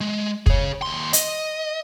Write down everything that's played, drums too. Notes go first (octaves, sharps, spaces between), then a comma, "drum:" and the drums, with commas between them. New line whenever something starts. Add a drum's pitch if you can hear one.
G#3
G#4 C#5, drum: kick
D#2 C6
D#5, drum: hi-hat